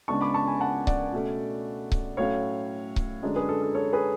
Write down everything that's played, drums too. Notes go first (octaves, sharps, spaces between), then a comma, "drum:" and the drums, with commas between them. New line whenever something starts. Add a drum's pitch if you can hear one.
C#2 C#3 G#3 B3 D4 A5 C#6
B5 D6
A5 C#6
G#5 B5
F#5 A5
D5 F#5, drum: kick C#1
B2 A3 C#4
drum: kick C#1
A2 F#3 A3 C#4 C#5 F5
drum: kick C#1
F#2 D3 G#3 D4
G#4 B4
A4
A4
A4 C#5
G#4 B4